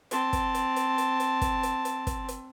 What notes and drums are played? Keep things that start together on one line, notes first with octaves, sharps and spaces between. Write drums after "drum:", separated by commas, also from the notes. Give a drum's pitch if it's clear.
C4 A5, drum: hi-hat
drum: kick, hi-hat
drum: hi-hat
drum: hi-hat
drum: hi-hat
drum: hi-hat
drum: kick, hi-hat
drum: hi-hat
drum: hi-hat
drum: kick, hi-hat
drum: hi-hat